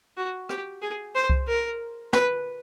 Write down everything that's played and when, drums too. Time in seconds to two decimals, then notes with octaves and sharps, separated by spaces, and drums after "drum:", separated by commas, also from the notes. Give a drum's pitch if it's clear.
0.17 F#4
0.49 G4, drum: rim click
0.82 G#4
1.15 C5
1.30 drum: kick C2
1.48 A#4
2.13 B4, drum: snare